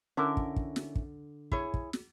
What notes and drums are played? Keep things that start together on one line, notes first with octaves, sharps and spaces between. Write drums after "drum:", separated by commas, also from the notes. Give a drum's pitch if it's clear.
D3 C#4 E4 A#4
drum: kick
drum: kick
drum: snare
drum: kick
E4 G#4 C#5, drum: kick
drum: kick
drum: snare